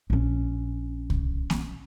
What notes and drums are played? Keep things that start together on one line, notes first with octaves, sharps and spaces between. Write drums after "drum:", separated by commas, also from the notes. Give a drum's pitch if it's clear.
A#1 C#4
drum: kick C2
drum: snare A#3